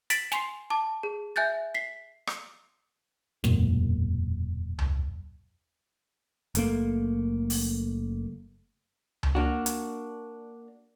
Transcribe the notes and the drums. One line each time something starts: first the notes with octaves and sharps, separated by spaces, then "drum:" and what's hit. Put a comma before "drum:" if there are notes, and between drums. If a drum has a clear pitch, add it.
A6 B6 D7 E7 F#7, drum: hi-hat
G#5 C6 C7, drum: snare
A5 D6
G#4
E5 G#5 F#6 G6 A6
B6 C7
drum: rim click
E1 F#2 A#2, drum: snare
drum: tom C#2
F#1 A3 A#3, drum: hi-hat
drum: open hi-hat
drum: tom C#2
A#3 D4 F#4
drum: hi-hat